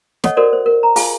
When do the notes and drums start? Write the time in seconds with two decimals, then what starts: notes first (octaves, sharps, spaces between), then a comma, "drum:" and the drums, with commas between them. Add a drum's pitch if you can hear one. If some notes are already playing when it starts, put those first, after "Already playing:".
0.24 A4 C#5 D#5 F#5, drum: snare
0.37 F#4 A4 A#4 C5 D5
0.53 C5
0.66 A#4
0.83 A#5
0.96 F4 G#4 F5 G#5 A5, drum: open hi-hat